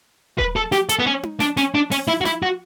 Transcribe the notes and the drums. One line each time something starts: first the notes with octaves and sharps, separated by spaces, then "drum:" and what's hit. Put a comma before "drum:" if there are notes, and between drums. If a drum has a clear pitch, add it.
B4, drum: kick D#1
A4
G4, drum: snare
A4, drum: hi-hat
B3
C#4
drum: tom D#4
D4, drum: snare
C#4, drum: snare
D4
C#4, drum: open hi-hat
E4
F#4
E4, drum: snare
F#4